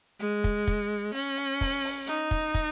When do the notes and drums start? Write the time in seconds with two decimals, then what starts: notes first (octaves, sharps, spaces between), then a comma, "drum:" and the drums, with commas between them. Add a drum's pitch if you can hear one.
0.20 G#3, drum: hi-hat
0.44 drum: kick, hi-hat
0.67 drum: kick, hi-hat
1.15 C#4, drum: hi-hat
1.38 drum: hi-hat
1.61 drum: kick, open hi-hat
1.84 drum: open hi-hat
2.08 D#4, drum: hi-hat
2.31 drum: kick, hi-hat
2.54 drum: kick, hi-hat